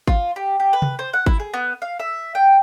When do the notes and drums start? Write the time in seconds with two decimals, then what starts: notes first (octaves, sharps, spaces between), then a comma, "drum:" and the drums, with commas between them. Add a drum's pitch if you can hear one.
0.08 F4, drum: kick G#1
0.36 G4
0.60 G4
0.73 B4
0.82 drum: tom C3
0.99 C5
1.13 F#5
1.26 E4, drum: kick G#1
1.40 G#4
1.54 B3
1.82 F5
2.00 E5
2.35 G5